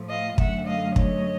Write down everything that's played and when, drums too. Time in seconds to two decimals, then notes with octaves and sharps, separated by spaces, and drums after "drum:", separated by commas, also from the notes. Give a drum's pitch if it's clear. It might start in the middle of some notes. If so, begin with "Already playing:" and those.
Already playing: A2 F3 A3
0.09 D#5 F5
0.38 F#2 D3 F#3 A3 E5 F#5, drum: kick
0.67 D#5 F5
0.96 C#5 D#5, drum: kick